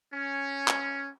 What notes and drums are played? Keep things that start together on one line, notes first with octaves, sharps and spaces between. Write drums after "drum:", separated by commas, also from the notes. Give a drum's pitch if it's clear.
C#4
drum: clap